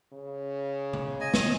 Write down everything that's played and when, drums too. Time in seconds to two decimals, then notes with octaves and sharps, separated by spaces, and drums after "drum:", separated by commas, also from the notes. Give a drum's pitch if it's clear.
0.13 C#3
0.93 drum: tom C#3
1.21 D#5 G#5
1.34 drum: snare